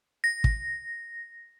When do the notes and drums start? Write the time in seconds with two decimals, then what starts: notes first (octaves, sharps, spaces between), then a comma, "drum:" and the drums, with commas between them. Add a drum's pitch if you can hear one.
0.24 A#6
0.44 drum: kick